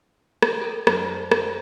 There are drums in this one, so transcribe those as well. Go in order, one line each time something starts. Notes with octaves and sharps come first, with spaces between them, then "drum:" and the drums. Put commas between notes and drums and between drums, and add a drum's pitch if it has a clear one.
drum: rim click
A4 A#4
F#2 D4 C5, drum: rim click
drum: rim click